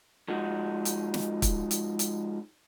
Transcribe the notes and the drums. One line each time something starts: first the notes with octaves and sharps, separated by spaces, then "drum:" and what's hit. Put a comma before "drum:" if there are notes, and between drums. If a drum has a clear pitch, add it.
F3 G#3 D#4 F#4
drum: hi-hat
drum: snare
drum: kick, hi-hat
drum: hi-hat
drum: hi-hat